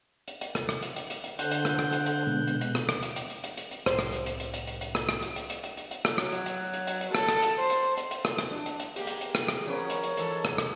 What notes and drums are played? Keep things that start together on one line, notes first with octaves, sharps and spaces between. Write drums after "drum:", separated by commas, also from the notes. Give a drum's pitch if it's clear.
drum: hi-hat
drum: hi-hat
drum: rim click
drum: rim click
drum: hi-hat
drum: hi-hat
drum: hi-hat
drum: hi-hat
D3 A4 C5 F#5 F#6 G6, drum: hi-hat
drum: hi-hat
drum: rim click
drum: rim click
drum: hi-hat
drum: hi-hat
B2 G#3 B3
drum: hi-hat
drum: hi-hat
drum: rim click
drum: rim click
drum: hi-hat
drum: hi-hat
drum: hi-hat
drum: hi-hat
drum: hi-hat
drum: hi-hat
C2 A2 C5, drum: rim click
drum: rim click
drum: hi-hat
drum: hi-hat
drum: hi-hat
drum: hi-hat
drum: hi-hat
drum: hi-hat
drum: rim click
drum: rim click
drum: hi-hat
drum: hi-hat
drum: hi-hat
drum: hi-hat
drum: hi-hat
drum: hi-hat
drum: rim click
F#3, drum: rim click
drum: hi-hat
drum: hi-hat
drum: hi-hat
drum: hi-hat
drum: hi-hat
A4, drum: rim click
drum: rim click
drum: hi-hat
C5
drum: hi-hat
drum: hi-hat
drum: hi-hat
drum: rim click
drum: rim click
D4
drum: hi-hat
drum: hi-hat
G#3 A#3 G4, drum: hi-hat
drum: hi-hat
drum: hi-hat
drum: rim click
drum: rim click
F3 B3 C#4 A#4 C#5
drum: hi-hat
drum: hi-hat
G#2 E3 A4, drum: hi-hat
drum: rim click
drum: rim click